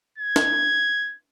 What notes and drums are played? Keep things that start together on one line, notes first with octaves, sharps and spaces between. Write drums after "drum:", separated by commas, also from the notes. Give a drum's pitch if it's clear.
G#6
drum: snare